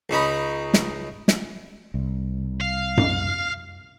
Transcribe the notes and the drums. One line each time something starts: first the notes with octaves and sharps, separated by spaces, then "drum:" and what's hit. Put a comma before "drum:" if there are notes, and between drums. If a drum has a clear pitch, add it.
C#2 C#4 D#4 B5
drum: snare
drum: snare
C2
F5
drum: tom F#2